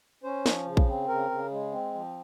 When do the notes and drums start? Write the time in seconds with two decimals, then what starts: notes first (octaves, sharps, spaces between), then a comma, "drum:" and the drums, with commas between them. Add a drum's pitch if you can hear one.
0.24 C#4 C5
0.46 F3, drum: snare
0.66 C#3
0.77 drum: kick A#1
0.88 C4
1.08 C#3 A#4
1.30 C#3
1.51 G#3
1.72 C4
1.94 F3